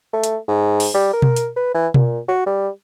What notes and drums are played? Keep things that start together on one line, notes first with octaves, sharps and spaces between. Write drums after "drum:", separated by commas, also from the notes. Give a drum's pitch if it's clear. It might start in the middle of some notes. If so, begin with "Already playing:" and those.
A3
drum: hi-hat
G#2
drum: open hi-hat
G3
A#4
drum: tom B2
drum: hi-hat
B4
E3
A#2, drum: tom B2
F#4
G3